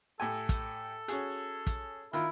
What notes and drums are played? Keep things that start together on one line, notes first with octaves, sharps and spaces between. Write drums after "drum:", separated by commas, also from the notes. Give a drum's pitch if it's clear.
A2 G4 A4 G#5
drum: kick, hi-hat
C#4 F#4 G#4, drum: hi-hat
drum: kick, hi-hat
D#3 E4 F4 A#4